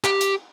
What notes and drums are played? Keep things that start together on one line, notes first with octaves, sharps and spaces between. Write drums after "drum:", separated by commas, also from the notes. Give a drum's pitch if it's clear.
G4, drum: clap
drum: hi-hat